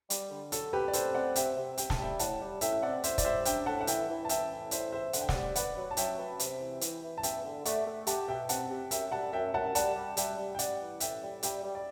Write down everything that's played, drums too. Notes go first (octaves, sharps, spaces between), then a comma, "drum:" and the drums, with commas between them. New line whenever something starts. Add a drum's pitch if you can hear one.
G3, drum: hi-hat
D3
F#3 A4, drum: hi-hat
C3 G4 B4
D5
C3 A4 C5, drum: hi-hat
C4 D5 F#5
C3 E5 G5, drum: hi-hat
C3
C3 G5, drum: hi-hat
A5, drum: snare
G3 E5 G5
A2 F#5 A5, drum: hi-hat
G3
A2 E5 G5, drum: hi-hat
E5
C4 D5 F#5
A2 C5 E5, drum: hi-hat
D5, drum: kick, hi-hat
G3 C5 E5
D4 E5 G5, drum: hi-hat
A2 F#5 A5
F#5
E3 E5 G5, drum: hi-hat
E3
A5
E3 E5 G5, drum: hi-hat
A2
G3 C5 E5, drum: hi-hat
E2 C5 E5
D3 F#5, drum: hi-hat
G5
D5 F#5, drum: snare
G3
B4 D5 F#5, drum: hi-hat
F#3
A5
F#3 E5 G5, drum: hi-hat
B4
C3, drum: hi-hat
E3
E3, drum: hi-hat
E3
A5
E2 E5 G5, drum: hi-hat
D3
A3 D5 F#5, drum: hi-hat
A3
G4 F#5 A5, drum: hi-hat
B2 E5 G5
C4 F#5 A5, drum: hi-hat
G4
F#2 E5 G5, drum: hi-hat
G3 F#5 A5
F#2 E5 G5
F#2 F#5 A5
G3 F#5 A5, drum: hi-hat
G3
G3 E5 G5, drum: hi-hat
G3
G5
G3 D5 F#5, drum: hi-hat
E3
A2 E5 G5, drum: hi-hat
G3
G3 E5 G5, drum: hi-hat
G3
D5